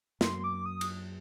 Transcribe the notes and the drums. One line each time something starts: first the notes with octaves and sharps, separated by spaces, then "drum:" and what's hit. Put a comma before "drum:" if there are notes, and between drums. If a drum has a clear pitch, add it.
F#2 F#3 A#3 C6, drum: snare
D6
D#6
drum: cymbal